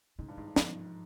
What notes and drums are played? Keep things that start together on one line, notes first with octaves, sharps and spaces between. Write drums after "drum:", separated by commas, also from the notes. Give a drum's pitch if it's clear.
G#2 C#3
G2
G#2 D#3
G2
G#2 F3, drum: snare